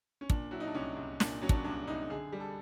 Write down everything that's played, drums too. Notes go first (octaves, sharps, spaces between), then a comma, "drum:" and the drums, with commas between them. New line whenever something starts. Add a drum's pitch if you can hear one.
C#4
A#2 D4, drum: kick
F#3 E4
D#4
D4
C2 C#4
C2
A#2 D4, drum: snare
F#3 C#4
D4, drum: kick
C#4
C2 D4
C2 D#4
D3 G#4
G3
A4